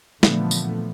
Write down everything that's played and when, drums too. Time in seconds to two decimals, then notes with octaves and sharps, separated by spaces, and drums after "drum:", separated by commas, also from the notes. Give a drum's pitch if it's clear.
0.23 A#2 D3 E3 F3 A3 B3, drum: snare
0.51 drum: tambourine